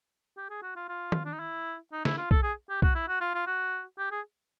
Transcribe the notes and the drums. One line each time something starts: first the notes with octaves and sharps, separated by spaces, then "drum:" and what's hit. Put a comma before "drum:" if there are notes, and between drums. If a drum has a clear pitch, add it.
G4
G#4
F#4
F4
F4
drum: tom
D4
D#4
E4
D#4
E4, drum: snare
F4
A4, drum: kick
G#4
G4
F#4, drum: kick
E4
F#4
F4
F4
F#4
G4
G#4